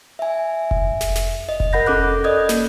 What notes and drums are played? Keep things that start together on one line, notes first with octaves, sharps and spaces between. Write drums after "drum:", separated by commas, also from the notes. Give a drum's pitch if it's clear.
E5 G#5
drum: kick F1
drum: snare
drum: snare
D#5
drum: kick F1
A#4 D#5 F#5 B5 G6 A#6
C#4 A4 D6 F#6
D5 D#5 D#6 G6 G#6
A#3 A4, drum: snare